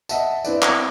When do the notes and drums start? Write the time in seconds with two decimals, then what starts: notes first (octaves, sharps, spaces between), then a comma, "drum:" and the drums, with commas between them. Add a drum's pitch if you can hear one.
0.09 D#5 E5 F#5 A5, drum: tambourine
0.45 C4 E4 B4 D5, drum: tambourine
0.62 drum: clap